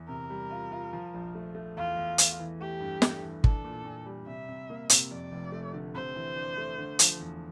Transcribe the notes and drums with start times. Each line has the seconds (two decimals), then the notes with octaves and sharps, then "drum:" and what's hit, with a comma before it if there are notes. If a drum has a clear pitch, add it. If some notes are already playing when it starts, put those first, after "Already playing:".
Already playing: E2
0.08 C3 A#4
0.30 G3
0.50 F4
0.72 F4
0.93 F3
1.14 A#1
1.35 A3
1.55 A3
1.77 E2 F4
1.97 E2
2.18 E2, drum: hi-hat
2.39 E3
2.60 A3 G4
2.80 G2
3.02 A3, drum: snare
3.22 E3
3.44 D4 A4, drum: kick
3.64 A#2
3.85 A#2
4.06 G3
4.27 C3 E5
4.49 C3
4.70 A#3
4.89 C3, drum: hi-hat
5.11 F2 D5
5.32 F1
5.52 A3
5.74 D3
5.95 C3 C5
6.16 E3
6.36 D4
6.58 A3
6.78 D3
6.99 F3, drum: hi-hat
7.20 E2